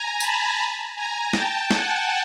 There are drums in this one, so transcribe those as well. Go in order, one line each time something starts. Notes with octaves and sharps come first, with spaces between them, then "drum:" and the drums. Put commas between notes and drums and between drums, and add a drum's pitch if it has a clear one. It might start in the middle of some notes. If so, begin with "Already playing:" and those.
Already playing: G#5 A#5
A5 B5, drum: tambourine
G#5 A#5
G5 A5, drum: snare
F#5 G#5, drum: snare